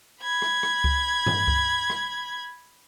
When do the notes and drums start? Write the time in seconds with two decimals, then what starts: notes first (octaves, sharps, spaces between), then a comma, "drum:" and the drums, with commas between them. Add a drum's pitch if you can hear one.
0.21 B5 G#6
0.42 drum: rim click
0.63 drum: rim click
0.84 drum: kick C#2
1.26 drum: tom G2
1.48 drum: kick C#2
1.90 drum: rim click